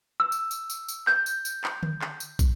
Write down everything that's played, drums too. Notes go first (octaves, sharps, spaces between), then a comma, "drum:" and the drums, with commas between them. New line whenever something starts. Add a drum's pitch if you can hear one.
E6
drum: tambourine
drum: tambourine
drum: tambourine
drum: tambourine
G6, drum: clap
drum: tambourine
drum: tambourine
drum: clap
drum: tom D3
drum: clap
drum: tambourine
drum: kick, tambourine